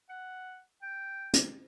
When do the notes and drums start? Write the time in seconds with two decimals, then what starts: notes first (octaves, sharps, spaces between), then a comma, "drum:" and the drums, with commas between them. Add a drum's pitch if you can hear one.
0.10 F#5
0.82 G5
1.34 drum: hi-hat